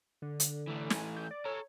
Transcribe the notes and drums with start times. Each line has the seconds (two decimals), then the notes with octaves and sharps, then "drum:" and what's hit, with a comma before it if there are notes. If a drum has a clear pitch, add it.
0.22 D3
0.40 drum: hi-hat
0.67 E3 A3
0.90 G#5, drum: snare
1.17 G6
1.31 D5
1.45 A4 C#5 A#5